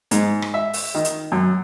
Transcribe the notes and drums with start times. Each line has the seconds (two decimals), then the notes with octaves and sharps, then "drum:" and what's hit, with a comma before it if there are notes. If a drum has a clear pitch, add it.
0.11 G#2, drum: hi-hat
0.42 drum: rim click
0.54 E5
0.73 drum: open hi-hat
0.95 D#3
1.05 drum: hi-hat
1.32 F#2